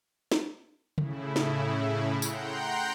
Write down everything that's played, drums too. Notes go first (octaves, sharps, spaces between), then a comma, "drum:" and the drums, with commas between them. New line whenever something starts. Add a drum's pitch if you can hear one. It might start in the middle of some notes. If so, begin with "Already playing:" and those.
drum: snare
A2 C#3 E4, drum: tom C#3
drum: snare
F#5 G5 A#5 C6 G6, drum: tambourine